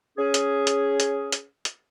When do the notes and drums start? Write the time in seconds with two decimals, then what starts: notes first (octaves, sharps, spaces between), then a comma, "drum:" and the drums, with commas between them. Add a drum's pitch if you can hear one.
0.18 C#4 G#4
0.34 drum: hi-hat
0.67 drum: hi-hat
1.00 drum: hi-hat
1.32 drum: hi-hat
1.65 drum: hi-hat